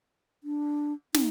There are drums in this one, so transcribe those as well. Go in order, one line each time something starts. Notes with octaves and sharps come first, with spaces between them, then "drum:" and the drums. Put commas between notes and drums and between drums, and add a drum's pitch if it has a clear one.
D4
D#4, drum: snare